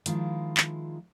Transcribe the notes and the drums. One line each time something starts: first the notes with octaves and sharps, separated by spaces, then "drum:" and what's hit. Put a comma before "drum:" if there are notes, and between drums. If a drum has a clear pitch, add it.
D#3 F3 G#3 E4 F4, drum: hi-hat
drum: clap